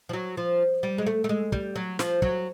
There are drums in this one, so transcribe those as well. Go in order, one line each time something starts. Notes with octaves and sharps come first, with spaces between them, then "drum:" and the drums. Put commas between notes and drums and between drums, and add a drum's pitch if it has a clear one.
F3
F#3
F3
G3
G#3
A3
A3
G#3
G3, drum: kick
F#3
F3, drum: snare
F#3, drum: kick